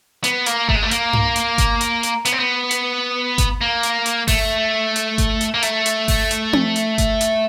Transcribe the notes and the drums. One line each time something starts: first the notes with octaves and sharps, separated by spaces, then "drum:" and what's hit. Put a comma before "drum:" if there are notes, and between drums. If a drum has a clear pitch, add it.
B3, drum: hi-hat
A#3, drum: hi-hat
A3, drum: kick G1
G#3
A3
A#3, drum: hi-hat
drum: tom G2
drum: hi-hat
drum: kick G1, hi-hat
drum: hi-hat
drum: hi-hat
B3, drum: hi-hat
C4
B3
drum: hi-hat
drum: kick G1, hi-hat
A#3
drum: hi-hat
drum: hi-hat
A3, drum: kick G1, open hi-hat
drum: hi-hat
drum: kick G1, hi-hat
drum: hi-hat
A#3
A3, drum: hi-hat
drum: hi-hat
drum: kick G1, open hi-hat
drum: hi-hat
drum: tom C4
drum: hi-hat
drum: kick G1, hi-hat
drum: hi-hat